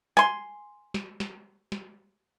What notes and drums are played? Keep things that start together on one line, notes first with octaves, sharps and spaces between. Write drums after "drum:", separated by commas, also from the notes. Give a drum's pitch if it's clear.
G#5 C6, drum: snare
drum: snare
drum: snare
drum: snare